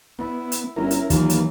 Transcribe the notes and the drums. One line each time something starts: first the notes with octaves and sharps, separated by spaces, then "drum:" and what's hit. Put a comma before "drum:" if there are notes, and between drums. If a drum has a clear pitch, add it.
B3 E4
drum: hi-hat
G1 C#4 E4 A#4
drum: hi-hat
D#2 E3 F#3 A#3 F4, drum: kick, hi-hat
drum: hi-hat